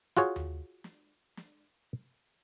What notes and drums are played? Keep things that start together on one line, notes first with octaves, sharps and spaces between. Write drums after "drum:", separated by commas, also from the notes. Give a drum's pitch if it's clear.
F4 F#4 G#4 C#5, drum: hi-hat
drum: tom D#2
drum: snare
drum: snare